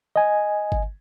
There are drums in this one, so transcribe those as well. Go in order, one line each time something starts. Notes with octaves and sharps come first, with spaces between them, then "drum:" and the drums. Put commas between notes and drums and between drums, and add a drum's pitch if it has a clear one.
D#5 G#5
drum: kick G1